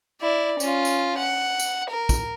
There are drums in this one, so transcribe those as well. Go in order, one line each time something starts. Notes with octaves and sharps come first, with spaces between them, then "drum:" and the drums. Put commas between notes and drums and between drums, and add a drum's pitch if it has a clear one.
E4 D5
C#4 F4, drum: tambourine
drum: tambourine
F#5
drum: tambourine
A#4
drum: kick, tambourine